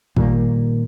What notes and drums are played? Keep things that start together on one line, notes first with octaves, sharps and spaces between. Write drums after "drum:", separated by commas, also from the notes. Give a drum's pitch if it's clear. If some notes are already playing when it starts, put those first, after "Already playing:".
A#2 D#3 G3 A#3, drum: kick